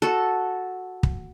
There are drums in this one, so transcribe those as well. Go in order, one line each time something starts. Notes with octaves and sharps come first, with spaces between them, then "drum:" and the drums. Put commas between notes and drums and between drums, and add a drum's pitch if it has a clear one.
F#4 A4
drum: kick